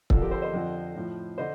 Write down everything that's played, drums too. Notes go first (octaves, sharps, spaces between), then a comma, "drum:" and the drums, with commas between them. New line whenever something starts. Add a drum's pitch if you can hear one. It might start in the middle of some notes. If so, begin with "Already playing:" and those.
F2 D3 F3 F4 A4, drum: kick
G4 A#4
A4 C5
C5 D#5
F2 D3 F3
A2 F3
D3 C5 D#5